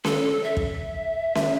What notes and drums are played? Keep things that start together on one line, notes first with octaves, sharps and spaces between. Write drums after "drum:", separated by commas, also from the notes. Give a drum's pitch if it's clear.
A4, drum: snare C#4
E5
drum: kick
drum: snare C#4